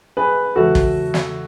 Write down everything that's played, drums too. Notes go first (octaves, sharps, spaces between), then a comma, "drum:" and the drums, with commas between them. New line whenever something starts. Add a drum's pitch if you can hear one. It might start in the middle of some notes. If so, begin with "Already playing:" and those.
G#4 B4
E2 C#3 E3 G#3 F#4 A4
drum: kick
drum: snare